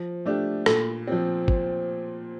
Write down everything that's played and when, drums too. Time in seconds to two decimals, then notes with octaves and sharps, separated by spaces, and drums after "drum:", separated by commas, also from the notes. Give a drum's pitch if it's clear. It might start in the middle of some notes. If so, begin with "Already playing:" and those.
Already playing: F3
0.26 A3 D4 G4
0.66 A#2 A4, drum: rim click
1.07 F3 C4
1.48 drum: kick